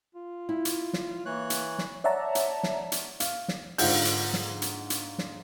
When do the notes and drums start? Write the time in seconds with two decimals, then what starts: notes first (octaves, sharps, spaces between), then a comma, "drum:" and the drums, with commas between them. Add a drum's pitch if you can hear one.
0.15 F4
0.49 E4
0.65 drum: hi-hat
0.93 drum: snare
1.26 E3 A#3 C#5 F#6
1.50 drum: hi-hat
1.78 drum: snare
2.04 C#5 D5 E5 F#5 A5 A#5
2.35 drum: hi-hat
2.63 drum: snare
2.92 drum: hi-hat
3.20 F5, drum: hi-hat
3.48 drum: snare
3.78 G#2 D3 F4 F#5 G6, drum: open hi-hat
4.05 drum: hi-hat
4.33 drum: snare
4.62 drum: hi-hat
4.90 drum: hi-hat
5.18 drum: snare